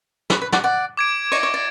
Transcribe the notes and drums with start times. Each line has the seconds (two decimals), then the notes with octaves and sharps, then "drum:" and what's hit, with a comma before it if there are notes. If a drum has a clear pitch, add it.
0.30 B4, drum: snare
0.42 B4
0.52 D5 F#5, drum: snare
0.64 D5 F#5
0.97 D6 G#6 D7
1.32 C#5, drum: cymbal
1.43 C#5
1.54 D5